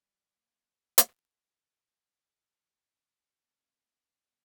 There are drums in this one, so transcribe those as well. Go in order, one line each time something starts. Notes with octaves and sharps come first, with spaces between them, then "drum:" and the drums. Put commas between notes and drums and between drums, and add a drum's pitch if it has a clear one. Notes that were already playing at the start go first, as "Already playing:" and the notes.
Already playing: E3 G3
F#3 A#3
drum: hi-hat
A#3 C#4
G3 B3